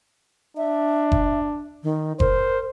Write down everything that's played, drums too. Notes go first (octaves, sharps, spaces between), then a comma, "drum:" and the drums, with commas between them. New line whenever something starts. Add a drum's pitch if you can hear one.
D4 E5
drum: kick F#1
D#3
A#4 C5, drum: kick F#1